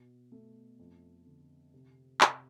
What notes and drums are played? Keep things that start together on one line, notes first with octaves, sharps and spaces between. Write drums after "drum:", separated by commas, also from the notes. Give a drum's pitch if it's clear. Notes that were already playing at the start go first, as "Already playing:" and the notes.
Already playing: B2
A3
F2
D3
C3
C3, drum: clap